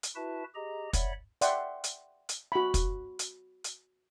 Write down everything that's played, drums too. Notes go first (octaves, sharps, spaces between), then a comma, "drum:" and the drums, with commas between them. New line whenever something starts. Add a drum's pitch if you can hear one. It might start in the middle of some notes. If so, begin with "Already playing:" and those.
drum: hi-hat
E4 F#4 B4 E5 A5
G4 G#4 D#5 A#5
C#5 D5 E5 F#5 B5, drum: kick, hi-hat
D5 E5 F#5 G5 C6, drum: hi-hat
drum: hi-hat
drum: hi-hat
F#4 B5
drum: kick, hi-hat
drum: hi-hat
drum: hi-hat